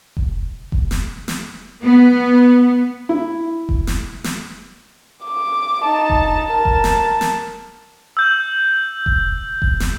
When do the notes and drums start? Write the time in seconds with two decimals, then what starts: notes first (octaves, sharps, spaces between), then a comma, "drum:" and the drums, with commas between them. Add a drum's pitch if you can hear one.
0.17 drum: kick F1
0.72 drum: kick F1
0.91 drum: snare
1.28 drum: snare
1.83 B3
3.09 E4
3.69 drum: kick F1
3.87 drum: snare
4.24 drum: snare
5.24 D6
5.83 D#4 A5
6.10 drum: kick F1
6.52 A#4 A5
6.65 drum: kick F1
6.84 drum: snare
7.21 drum: snare
8.17 E6 G6
9.06 drum: kick F1
9.62 drum: kick F1
9.80 drum: snare